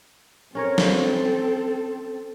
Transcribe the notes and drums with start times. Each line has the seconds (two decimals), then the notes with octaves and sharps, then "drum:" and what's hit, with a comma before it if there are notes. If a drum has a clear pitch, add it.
0.55 C4 C#4 A4 A#4 C#5
0.78 drum: snare